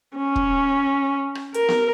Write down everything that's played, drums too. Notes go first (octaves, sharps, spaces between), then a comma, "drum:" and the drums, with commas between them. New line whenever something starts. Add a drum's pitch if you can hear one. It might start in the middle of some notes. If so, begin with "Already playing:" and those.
C#4
drum: kick
drum: rim click
A#4, drum: hi-hat
drum: snare B3